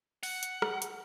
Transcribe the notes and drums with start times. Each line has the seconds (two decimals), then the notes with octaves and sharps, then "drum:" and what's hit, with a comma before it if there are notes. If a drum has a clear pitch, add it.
0.23 F#5, drum: open hi-hat
0.43 drum: hi-hat
0.62 drum: rim click
0.82 drum: hi-hat